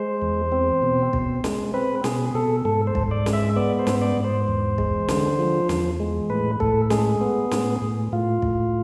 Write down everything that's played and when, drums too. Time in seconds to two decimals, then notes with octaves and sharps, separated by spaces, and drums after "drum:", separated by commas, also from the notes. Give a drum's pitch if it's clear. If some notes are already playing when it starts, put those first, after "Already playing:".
Already playing: G#3 C5
0.22 E2
0.52 C4
0.82 B2
1.13 B2, drum: kick
1.44 G#3, drum: snare
1.74 C4 B4
2.04 B2 G#4, drum: snare
2.34 B2 A4
2.65 G#2 A4
2.87 C5
2.95 G#2, drum: kick
3.11 D5
3.26 G#3, drum: snare
3.33 E5
3.56 B3 D5
3.79 C5
3.87 G#2, drum: snare
4.01 D5
4.17 G#2
4.24 C5
4.48 E2
4.78 G#3, drum: kick
5.08 D3, drum: snare
5.39 F3
5.69 E2, drum: snare
6.00 G#3
6.30 A2 B4
6.60 A2 A4, drum: kick
6.90 G#3 G#4, drum: snare
7.21 B3
7.51 A2, drum: snare
7.82 A2
8.12 A2 F4
8.42 A2, drum: kick